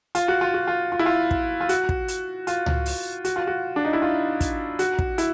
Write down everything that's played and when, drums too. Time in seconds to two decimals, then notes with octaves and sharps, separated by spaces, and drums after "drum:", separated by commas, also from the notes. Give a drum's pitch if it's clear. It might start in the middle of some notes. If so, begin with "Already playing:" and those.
0.15 F4, drum: hi-hat
0.28 F#4
0.41 F4
0.54 F#4
0.68 F4
0.92 F4
0.99 E4
1.06 F4
1.31 drum: kick
1.61 F4
1.69 F#4, drum: hi-hat
1.89 drum: kick
2.08 drum: hi-hat
2.47 F4, drum: hi-hat
2.66 drum: tom C#2
2.86 drum: open hi-hat
3.25 F#4, drum: hi-hat
3.36 F4
3.47 F#4
3.76 D4
3.85 D#4
3.93 E4
4.02 F4
4.41 drum: kick, hi-hat
4.79 F#4, drum: hi-hat
4.99 drum: kick
5.18 E4, drum: hi-hat